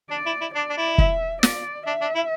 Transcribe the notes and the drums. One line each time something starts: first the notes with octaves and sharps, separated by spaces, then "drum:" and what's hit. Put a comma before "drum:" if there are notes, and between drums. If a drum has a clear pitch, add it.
D4 D5
E4
E4
D4 D5
D4
E4
E5, drum: kick
D5, drum: snare
D4 E5
D4
E4